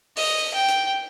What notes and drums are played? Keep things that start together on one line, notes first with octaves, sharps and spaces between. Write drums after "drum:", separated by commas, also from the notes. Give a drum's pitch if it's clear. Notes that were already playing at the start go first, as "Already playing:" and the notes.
D#5, drum: open hi-hat
G5
drum: hi-hat